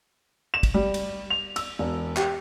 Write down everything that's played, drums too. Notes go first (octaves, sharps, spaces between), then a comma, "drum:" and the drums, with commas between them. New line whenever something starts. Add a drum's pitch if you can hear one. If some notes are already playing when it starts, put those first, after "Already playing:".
E7
drum: kick, cymbal
G3
drum: cymbal
F7
E6, drum: cymbal
E1
G4, drum: clap